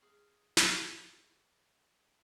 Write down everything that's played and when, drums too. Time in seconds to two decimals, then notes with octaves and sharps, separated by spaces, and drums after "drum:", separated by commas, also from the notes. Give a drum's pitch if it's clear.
0.02 G#4 F6
0.57 drum: snare